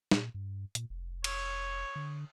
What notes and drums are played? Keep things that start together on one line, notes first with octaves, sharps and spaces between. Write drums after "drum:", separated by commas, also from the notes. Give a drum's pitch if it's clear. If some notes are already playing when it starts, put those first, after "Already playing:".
A#2, drum: snare
G2
A#2, drum: hi-hat
F1
C#5, drum: cymbal
D3